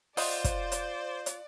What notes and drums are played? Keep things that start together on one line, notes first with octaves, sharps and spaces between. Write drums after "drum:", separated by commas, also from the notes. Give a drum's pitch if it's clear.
F4 C5 D5 D#5 F#5, drum: open hi-hat
drum: kick, hi-hat
drum: hi-hat
drum: hi-hat